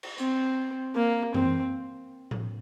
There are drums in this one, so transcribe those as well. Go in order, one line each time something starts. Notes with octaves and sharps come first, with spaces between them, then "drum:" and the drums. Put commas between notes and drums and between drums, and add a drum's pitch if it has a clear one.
drum: cymbal
C4, drum: hi-hat
A#3
C4, drum: tom
drum: tom A2